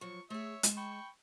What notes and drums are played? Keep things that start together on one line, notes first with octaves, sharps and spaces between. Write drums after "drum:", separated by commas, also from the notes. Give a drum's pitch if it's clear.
F3 F#3 C#6
A3 G#4 C#5 E5
G#3 A5, drum: hi-hat
G5 B5 C#6